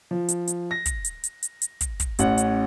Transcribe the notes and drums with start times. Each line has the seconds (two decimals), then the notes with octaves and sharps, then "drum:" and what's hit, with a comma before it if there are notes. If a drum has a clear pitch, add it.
0.11 F3
0.29 drum: hi-hat
0.48 drum: hi-hat
0.71 A#6
0.86 drum: kick, hi-hat
1.05 drum: hi-hat
1.24 drum: hi-hat
1.43 drum: hi-hat
1.62 drum: hi-hat
1.81 drum: kick, hi-hat
2.00 drum: kick, hi-hat
2.19 A1 C#4 F#5, drum: hi-hat
2.38 drum: hi-hat